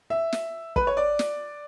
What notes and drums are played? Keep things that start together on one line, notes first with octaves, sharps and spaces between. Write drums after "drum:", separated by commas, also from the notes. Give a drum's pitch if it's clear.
E5
drum: snare
B4, drum: kick
C#5
D5
drum: snare